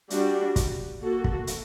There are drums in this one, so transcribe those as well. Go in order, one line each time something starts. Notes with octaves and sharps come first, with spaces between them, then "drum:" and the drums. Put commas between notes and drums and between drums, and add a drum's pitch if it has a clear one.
G3 D4 F#4, drum: hi-hat
drum: kick, hi-hat
A#3 F#4 A4
drum: kick
drum: hi-hat